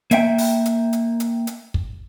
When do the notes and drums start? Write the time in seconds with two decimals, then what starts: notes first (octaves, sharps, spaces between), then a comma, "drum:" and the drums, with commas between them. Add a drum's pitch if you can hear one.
0.11 A#3 E5 G5, drum: hi-hat
0.38 drum: open hi-hat
0.65 drum: hi-hat
0.93 drum: hi-hat
1.20 drum: hi-hat
1.47 drum: hi-hat
1.74 drum: kick